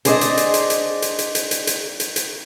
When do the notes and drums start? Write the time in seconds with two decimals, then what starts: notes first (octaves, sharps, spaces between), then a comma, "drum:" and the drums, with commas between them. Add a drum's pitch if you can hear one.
0.05 D4 G#4 C5 D5 D#5, drum: hi-hat
0.21 drum: hi-hat
0.37 drum: hi-hat
0.54 drum: hi-hat
0.70 drum: hi-hat
1.02 drum: hi-hat
1.19 drum: hi-hat
1.35 drum: hi-hat
1.51 drum: hi-hat
1.67 drum: hi-hat
2.00 drum: hi-hat
2.16 drum: hi-hat